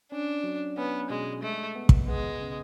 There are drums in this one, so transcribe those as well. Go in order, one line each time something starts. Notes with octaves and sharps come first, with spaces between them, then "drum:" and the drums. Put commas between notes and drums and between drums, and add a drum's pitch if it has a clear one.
C#4 D4
F#3
B3 C#4
B2 G#3
G#3 A3
B3
drum: kick
G#3 B3
C#3